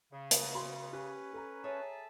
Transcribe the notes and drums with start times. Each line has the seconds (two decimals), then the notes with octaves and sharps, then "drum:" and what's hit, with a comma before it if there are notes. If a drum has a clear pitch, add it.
0.12 C#3
0.31 drum: hi-hat
0.54 F#4 B5 C6
0.93 C#4 G4 B4
1.33 A4 A#5
1.64 G#4 C#5 E5 A5